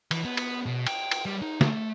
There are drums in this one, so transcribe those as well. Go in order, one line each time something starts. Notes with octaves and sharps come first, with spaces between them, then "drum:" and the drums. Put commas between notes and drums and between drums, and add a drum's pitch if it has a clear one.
E3, drum: cymbal
B3
drum: cymbal
B2
G5, drum: cymbal
drum: cymbal
G3
D#4
A3, drum: snare